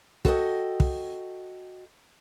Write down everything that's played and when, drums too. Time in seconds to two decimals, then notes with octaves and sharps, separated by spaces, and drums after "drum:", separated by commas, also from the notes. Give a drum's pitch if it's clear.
0.25 F#4 A4 A#4 D#5 G5, drum: kick
0.80 drum: kick